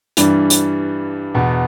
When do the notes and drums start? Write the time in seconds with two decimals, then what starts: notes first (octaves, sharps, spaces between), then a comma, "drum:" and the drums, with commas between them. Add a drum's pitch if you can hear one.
0.17 G2 E3 G3 D4, drum: hi-hat
0.50 drum: hi-hat
1.34 E2 B2 B3